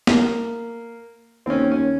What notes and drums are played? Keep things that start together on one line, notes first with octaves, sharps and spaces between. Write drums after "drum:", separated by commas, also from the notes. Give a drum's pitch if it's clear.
A#3, drum: snare
D#2 C4 C#4
C#4